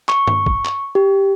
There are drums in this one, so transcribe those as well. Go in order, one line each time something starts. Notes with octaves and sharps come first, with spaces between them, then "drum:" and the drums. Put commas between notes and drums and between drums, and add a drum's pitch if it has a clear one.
C#6, drum: clap
drum: tom G2
drum: kick
drum: clap
G4